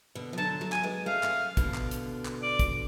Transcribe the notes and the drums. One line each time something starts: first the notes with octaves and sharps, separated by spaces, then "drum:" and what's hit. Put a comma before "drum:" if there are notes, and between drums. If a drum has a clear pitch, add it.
B2 D3
F3
D3 F#3 A5
F#3 A3
G#5, drum: clap
G#3 B3
A3 C#4 F5
A3 C#4, drum: clap
B2 D3, drum: kick, hi-hat
drum: clap
drum: hi-hat
drum: clap
D5
drum: kick, hi-hat